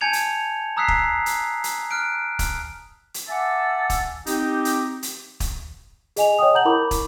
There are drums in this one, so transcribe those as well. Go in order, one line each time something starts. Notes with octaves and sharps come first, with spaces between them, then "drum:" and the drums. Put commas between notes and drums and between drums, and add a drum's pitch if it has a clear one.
G#5 A5 G6 G#6 C#7 F7
drum: hi-hat
A#5 D#6 E6 F#6 B6 C7
drum: kick
drum: hi-hat
drum: hi-hat
F6 F#6 D7
drum: kick, hi-hat
drum: hi-hat
E5 F#5 G#5 A5 D6 E6
drum: kick, hi-hat
C4 D#4 G4, drum: hi-hat
drum: hi-hat
drum: hi-hat
drum: kick, hi-hat
G#4 D#5 G#5 F7, drum: hi-hat
C#5 D#5 G5 D#6
F#5 A5 A#5 G6 F#7
E4 A#4 B5 C#6 D6
drum: kick, hi-hat